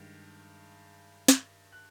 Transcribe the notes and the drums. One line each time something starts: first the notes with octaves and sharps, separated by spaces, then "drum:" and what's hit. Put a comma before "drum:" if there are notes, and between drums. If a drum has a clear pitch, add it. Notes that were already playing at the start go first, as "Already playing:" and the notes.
Already playing: G2 D#3 G#3
drum: snare
F#6